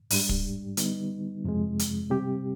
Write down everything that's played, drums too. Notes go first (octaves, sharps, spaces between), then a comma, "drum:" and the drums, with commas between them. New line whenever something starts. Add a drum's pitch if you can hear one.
G#2 G3 D4 G4, drum: open hi-hat
drum: kick
D3 G3 B3 D#4, drum: hi-hat
F2 C3 F3 G#3
drum: hi-hat
C3 G3 C4 G4